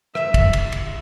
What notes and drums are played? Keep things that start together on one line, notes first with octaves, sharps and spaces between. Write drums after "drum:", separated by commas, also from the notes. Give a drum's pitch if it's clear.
E5, drum: rim click
drum: kick, cymbal
drum: cymbal
drum: cymbal